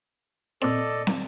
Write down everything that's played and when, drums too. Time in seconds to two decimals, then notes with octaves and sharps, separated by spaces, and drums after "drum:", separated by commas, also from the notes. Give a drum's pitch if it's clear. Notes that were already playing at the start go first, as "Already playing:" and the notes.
0.62 A#2 C4 A4 D5 D#5
1.07 drum: snare